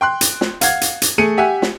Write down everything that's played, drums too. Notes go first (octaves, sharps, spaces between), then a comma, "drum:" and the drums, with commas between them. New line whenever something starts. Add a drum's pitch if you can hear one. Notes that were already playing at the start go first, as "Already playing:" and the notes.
G5 C6 F#6
drum: hi-hat
drum: snare
F5 F#5 G#6, drum: hi-hat
drum: hi-hat
drum: hi-hat
A3 G#4 C#7 D#7
G4 E5 F#5 G#5
drum: snare